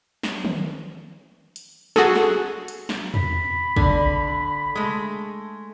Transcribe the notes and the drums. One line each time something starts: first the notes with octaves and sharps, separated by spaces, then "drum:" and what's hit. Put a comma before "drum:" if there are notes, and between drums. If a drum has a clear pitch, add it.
drum: snare
drum: tom D#3
drum: hi-hat
F#4 G#4 A4, drum: snare
drum: snare
drum: hi-hat
drum: snare
B5, drum: tom E2
D3, drum: kick
G#3 A3